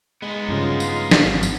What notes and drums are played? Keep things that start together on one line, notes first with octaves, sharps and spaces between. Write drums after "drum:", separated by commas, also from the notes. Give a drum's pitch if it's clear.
G#3 B3 D#4
G2 C#3 F3
F5, drum: tambourine
drum: snare
G#1
drum: tambourine